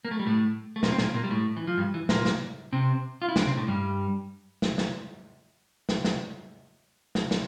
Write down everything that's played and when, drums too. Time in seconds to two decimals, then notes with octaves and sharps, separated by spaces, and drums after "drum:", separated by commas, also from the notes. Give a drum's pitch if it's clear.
0.05 A#3
0.11 A3
0.19 G3
0.26 A2 A3
0.76 A3
0.83 A#2 A#3, drum: snare
0.92 C4
0.98 A#2 A#3, drum: snare
1.14 A#2 A#3
1.24 G3
1.30 A2 A3
1.57 E3
1.67 F3
1.77 G2 G3
1.94 E3
2.09 A#2 A#3, drum: snare
2.25 drum: snare
2.73 C3 C4
3.22 F4
3.29 E4
3.36 D3 D4, drum: snare
3.46 C3 C4
3.57 A2 A3
3.68 G2 G3
4.62 drum: snare
4.78 drum: snare
5.89 drum: snare
6.04 drum: snare
7.15 drum: snare
7.31 drum: snare